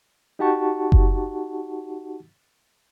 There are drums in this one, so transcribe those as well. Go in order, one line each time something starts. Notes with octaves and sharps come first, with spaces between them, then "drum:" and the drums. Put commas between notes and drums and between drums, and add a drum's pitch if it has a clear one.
D#4 F#4 G4 F#5 A5 C#6
drum: kick F#1